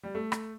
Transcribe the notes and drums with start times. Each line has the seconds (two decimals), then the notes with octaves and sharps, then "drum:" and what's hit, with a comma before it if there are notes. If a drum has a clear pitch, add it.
0.03 G3
0.15 A3
0.32 drum: rim click